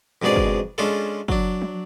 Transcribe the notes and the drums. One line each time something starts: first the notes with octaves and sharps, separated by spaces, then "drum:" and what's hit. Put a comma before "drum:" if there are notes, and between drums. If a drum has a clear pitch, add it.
F2 G#2 B2 D4 G#4 D5
drum: kick
G#3 C#4 D4 F4 A4
F#3 D4, drum: kick
drum: tom F3